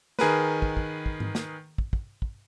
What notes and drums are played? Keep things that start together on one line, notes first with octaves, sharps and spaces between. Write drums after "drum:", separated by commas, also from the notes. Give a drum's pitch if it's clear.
D#3 G#4 A#4 B4, drum: snare
drum: kick
drum: kick
drum: kick
drum: tom G#2
drum: snare
drum: kick
drum: kick
drum: kick